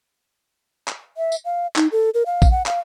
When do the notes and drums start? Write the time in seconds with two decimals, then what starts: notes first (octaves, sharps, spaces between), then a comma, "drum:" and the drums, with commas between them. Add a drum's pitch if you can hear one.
0.88 drum: clap
1.17 E5
1.32 drum: tambourine
1.45 F5
1.76 D#4, drum: clap
1.92 A4
2.14 A#4
2.26 F5
2.42 drum: kick A#1, tambourine
2.51 F#5
2.66 F5, drum: clap